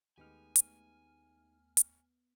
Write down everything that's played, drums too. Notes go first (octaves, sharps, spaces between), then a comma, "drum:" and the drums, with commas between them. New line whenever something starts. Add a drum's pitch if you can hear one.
D#2 G#3 A3 B3 D#4 G4 G#5 F6
drum: hi-hat
drum: hi-hat